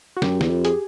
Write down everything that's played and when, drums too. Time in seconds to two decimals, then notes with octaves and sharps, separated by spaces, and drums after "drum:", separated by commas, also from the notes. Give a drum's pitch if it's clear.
0.17 F#4
0.22 F#2 G4, drum: snare
0.41 E2, drum: snare
0.50 F2
0.65 G#4, drum: hi-hat